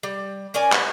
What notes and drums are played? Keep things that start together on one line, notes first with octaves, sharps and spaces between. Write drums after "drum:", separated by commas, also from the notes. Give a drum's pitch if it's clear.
G3
C#4 A#4 D5 G#5
F#4, drum: clap